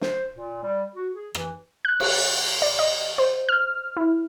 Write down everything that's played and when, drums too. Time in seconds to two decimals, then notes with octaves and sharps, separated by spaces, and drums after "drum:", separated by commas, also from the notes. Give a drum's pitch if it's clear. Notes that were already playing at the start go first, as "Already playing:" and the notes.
0.01 C5, drum: snare
0.34 A#2
0.62 G3
0.95 F#4
1.15 G#4
1.35 E3, drum: rim click
1.85 F#6
2.00 drum: cymbal
2.62 D5
2.79 D#5
3.18 C5
3.49 F6
3.97 E4